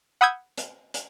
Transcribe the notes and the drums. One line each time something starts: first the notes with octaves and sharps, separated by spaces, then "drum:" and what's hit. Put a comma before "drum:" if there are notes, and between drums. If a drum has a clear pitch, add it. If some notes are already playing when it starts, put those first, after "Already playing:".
F#5 B5 D#6 E6 G6 G#6
drum: hi-hat
drum: hi-hat